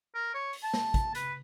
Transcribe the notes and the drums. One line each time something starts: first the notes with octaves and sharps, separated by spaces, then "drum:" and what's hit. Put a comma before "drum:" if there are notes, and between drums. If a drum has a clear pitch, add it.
A#4
C#5
drum: open hi-hat
A5
drum: snare
drum: kick, hi-hat
B4, drum: hi-hat